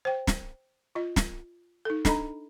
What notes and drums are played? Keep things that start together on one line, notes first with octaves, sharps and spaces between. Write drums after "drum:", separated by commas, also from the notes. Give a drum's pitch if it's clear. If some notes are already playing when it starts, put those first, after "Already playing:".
C5 G5
drum: snare
F4 D#5
drum: snare
D#4 A4
D4 A4 D#5 A#5 B5, drum: snare